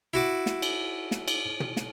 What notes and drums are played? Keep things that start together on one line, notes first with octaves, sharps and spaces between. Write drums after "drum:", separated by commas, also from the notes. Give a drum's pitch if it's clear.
E4 F#4 D6
drum: snare
drum: cymbal
drum: snare
drum: cymbal
drum: tom
drum: snare